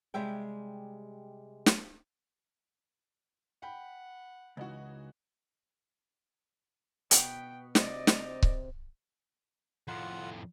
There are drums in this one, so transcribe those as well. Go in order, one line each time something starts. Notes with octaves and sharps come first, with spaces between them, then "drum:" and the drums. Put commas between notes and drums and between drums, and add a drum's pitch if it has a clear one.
C3 G3 G#3 E5 G5
drum: snare
F#5 G5 B5
C#2 E3 D#4 F#4
B2 B3 G5, drum: hi-hat
C3 D5 D#5, drum: snare
C4 A#5, drum: snare
drum: kick C#1
F2 A2 F4 F#5